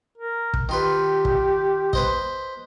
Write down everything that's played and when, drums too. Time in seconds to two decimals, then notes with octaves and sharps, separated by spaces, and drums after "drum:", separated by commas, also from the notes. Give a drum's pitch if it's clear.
0.18 A#4
0.54 drum: kick
0.69 D#3 F4 G4 B4
1.25 drum: kick
1.93 B4 C5 D#5, drum: kick